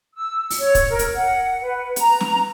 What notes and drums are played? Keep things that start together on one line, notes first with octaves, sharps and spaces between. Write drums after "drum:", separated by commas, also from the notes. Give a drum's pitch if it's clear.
E6
drum: open hi-hat
C#5
drum: kick, hi-hat
A#4
drum: hi-hat
F#5
B4
A#5, drum: hi-hat
drum: snare